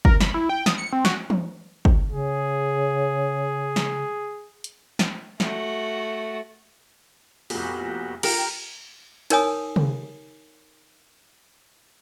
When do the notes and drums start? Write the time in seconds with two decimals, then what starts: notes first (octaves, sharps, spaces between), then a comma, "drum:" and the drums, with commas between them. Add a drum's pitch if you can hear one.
0.05 A#4, drum: kick
0.20 B5, drum: snare
0.34 E4
0.49 G5
0.66 D#6, drum: snare
0.78 C#7
0.93 C4
1.05 F#4, drum: snare
1.30 drum: tom E3
1.85 drum: kick
2.11 C#3 G#4
3.76 drum: snare
4.64 drum: hi-hat
4.99 drum: snare
5.40 A3 F#4, drum: snare
7.50 F1 A#2 B3 F#4 G4, drum: open hi-hat
8.23 F4 G4 A#4, drum: cymbal
9.30 D#4 A#4 C#5 G#5 D#6, drum: cymbal
9.76 drum: tom C3